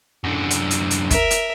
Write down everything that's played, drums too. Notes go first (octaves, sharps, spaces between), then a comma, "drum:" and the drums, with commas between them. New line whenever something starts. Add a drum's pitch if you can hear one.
F#2 D3
drum: hi-hat
drum: hi-hat
drum: hi-hat
A#4 E5, drum: kick, hi-hat
drum: hi-hat